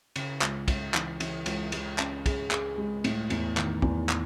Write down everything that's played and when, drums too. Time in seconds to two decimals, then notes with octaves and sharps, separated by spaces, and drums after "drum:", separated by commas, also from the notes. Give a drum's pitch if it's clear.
0.16 C#3, drum: cymbal
0.42 C#2, drum: clap
0.68 C#2, drum: kick, cymbal
0.94 E3, drum: clap
1.20 E3, drum: cymbal
1.46 C#2, drum: cymbal
1.72 G#3, drum: cymbal
1.98 C#4, drum: clap
2.26 G#4, drum: kick, cymbal
2.51 G#4, drum: clap
2.78 G#3
3.04 A2, drum: cymbal
3.30 E2, drum: cymbal
3.57 D#3, drum: clap
3.82 E2, drum: kick
4.09 drum: clap